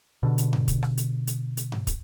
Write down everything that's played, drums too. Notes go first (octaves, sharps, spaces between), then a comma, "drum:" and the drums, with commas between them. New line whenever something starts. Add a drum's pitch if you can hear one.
B2 D3
drum: hi-hat
drum: tom G2
drum: kick, hi-hat
drum: rim click
drum: hi-hat
drum: hi-hat
drum: hi-hat
drum: tom G2
drum: kick, hi-hat